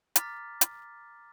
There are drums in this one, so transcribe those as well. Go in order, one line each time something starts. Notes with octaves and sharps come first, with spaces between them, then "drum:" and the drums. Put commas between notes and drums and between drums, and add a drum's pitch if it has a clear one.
A#5 D6 F6 A6 B6, drum: hi-hat
drum: hi-hat